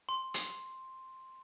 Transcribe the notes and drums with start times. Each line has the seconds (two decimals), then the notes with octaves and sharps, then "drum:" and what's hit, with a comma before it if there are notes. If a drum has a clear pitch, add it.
0.09 C6
0.34 drum: hi-hat